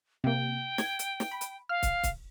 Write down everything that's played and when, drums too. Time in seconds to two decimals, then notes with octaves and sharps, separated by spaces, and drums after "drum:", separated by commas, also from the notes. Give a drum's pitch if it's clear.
0.24 C3 A#3 G5
0.78 G#6, drum: snare
0.99 drum: hi-hat
1.20 drum: snare
1.31 B5
1.41 drum: hi-hat
1.69 F5 F6
1.83 drum: kick, hi-hat
2.03 drum: kick, hi-hat